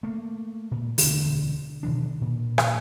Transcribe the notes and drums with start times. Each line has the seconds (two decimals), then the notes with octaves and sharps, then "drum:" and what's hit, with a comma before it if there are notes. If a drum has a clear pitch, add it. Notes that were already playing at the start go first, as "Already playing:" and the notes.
0.03 A3 A#3
0.71 A#2
0.98 E1 D2 D3, drum: open hi-hat
1.83 B2 D#3 E3 D4
2.21 A#2
2.58 drum: rim click